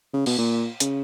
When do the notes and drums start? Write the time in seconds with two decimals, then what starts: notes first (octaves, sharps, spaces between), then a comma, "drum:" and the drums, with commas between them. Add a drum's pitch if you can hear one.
0.14 C#3
0.26 B2, drum: cymbal
0.38 A#2
0.80 C#3, drum: hi-hat